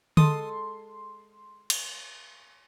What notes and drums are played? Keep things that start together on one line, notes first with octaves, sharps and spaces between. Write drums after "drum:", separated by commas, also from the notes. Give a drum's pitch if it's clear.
G#3 A4 C6 D#6, drum: tom D3
drum: cymbal